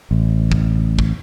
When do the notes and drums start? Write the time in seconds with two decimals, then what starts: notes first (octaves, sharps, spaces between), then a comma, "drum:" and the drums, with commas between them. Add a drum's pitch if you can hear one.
0.11 A1
0.52 drum: kick
0.99 drum: kick